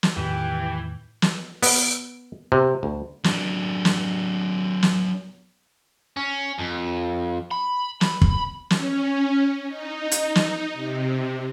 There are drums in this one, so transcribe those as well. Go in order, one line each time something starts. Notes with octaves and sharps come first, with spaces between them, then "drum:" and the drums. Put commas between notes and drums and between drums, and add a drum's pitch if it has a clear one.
drum: snare
E2 A2 D#3 E3 G4
drum: snare
B3, drum: open hi-hat
C3
D2
F#3 D4, drum: snare
drum: snare
drum: snare
C#4
F2
B5
B5, drum: snare
drum: kick
C#4, drum: snare
D#4
drum: hi-hat
drum: snare
C3